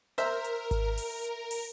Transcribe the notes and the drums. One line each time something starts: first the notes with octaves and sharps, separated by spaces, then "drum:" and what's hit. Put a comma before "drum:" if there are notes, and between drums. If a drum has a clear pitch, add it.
A#4 C5 E5, drum: hi-hat
drum: hi-hat
drum: kick G#1, hi-hat
drum: open hi-hat
drum: hi-hat
drum: open hi-hat